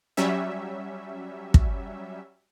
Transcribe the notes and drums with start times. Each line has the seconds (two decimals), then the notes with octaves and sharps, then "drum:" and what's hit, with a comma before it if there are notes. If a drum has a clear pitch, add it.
0.17 F#3 G3 C#4 E5
1.54 drum: kick